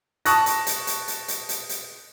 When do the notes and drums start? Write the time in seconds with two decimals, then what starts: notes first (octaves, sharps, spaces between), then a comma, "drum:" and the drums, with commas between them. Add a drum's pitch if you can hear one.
0.26 A5 C#6 D#6 F#6 A#6, drum: hi-hat
0.46 drum: hi-hat
0.67 drum: hi-hat
0.87 drum: hi-hat
1.08 drum: hi-hat
1.28 drum: hi-hat
1.49 drum: hi-hat
1.69 drum: hi-hat